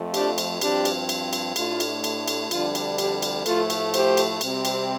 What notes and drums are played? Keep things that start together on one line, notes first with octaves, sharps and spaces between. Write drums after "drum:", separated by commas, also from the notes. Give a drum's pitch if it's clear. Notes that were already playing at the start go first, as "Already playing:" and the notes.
Already playing: F2 F3 A3
D4 G4, drum: cymbal
drum: cymbal
G2 F3 C4 D4 G4, drum: cymbal
drum: cymbal
drum: cymbal
drum: cymbal
A2 A3 D4 F4, drum: cymbal
drum: cymbal
drum: cymbal
drum: cymbal
F2 D3 G3 D4 F4, drum: cymbal
drum: cymbal
D4 G4, drum: cymbal
drum: cymbal
A2 F3 A3 F4 A4, drum: cymbal
drum: cymbal
G4 C5, drum: cymbal
drum: cymbal
C3 G3 C4, drum: cymbal
drum: cymbal